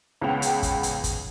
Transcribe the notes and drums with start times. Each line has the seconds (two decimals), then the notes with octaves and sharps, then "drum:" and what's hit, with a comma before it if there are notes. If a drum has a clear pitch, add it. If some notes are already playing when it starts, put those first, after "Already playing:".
0.21 C#2 B3 C#4 F#5 G5 F7
0.42 drum: hi-hat
0.63 drum: kick, hi-hat
0.83 drum: hi-hat
1.04 drum: kick, hi-hat